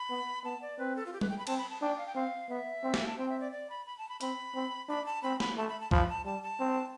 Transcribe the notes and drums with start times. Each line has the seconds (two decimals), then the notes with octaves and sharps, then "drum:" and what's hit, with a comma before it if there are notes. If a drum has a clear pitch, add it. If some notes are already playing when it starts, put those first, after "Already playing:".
Already playing: B5
0.10 B3
0.44 B3 A5
0.62 D5
0.78 C4 B4
0.96 A4
1.06 F4
1.13 G4
1.21 B4, drum: tom G3
1.30 G5
1.39 B5
1.47 C4 A5, drum: cymbal
1.58 B5
1.70 A5
1.82 D4 G5
1.98 F5
2.07 G5
2.15 C4 F5
2.49 B3 E5
2.83 C4
2.94 drum: snare
3.07 A5
3.18 C4 G5
3.29 E5
3.40 D5
3.52 D5
3.70 B5
3.86 B5
3.98 A5
4.09 B5
4.21 C4 B5, drum: hi-hat
4.55 C4
4.89 D4 B5
5.06 A5
5.23 C4 B5
5.40 B5, drum: snare
5.57 A3 A5
5.69 B5
5.81 A5
5.91 F3 B5, drum: kick C2
6.09 A5
6.25 G3 A5
6.43 A5
6.60 C4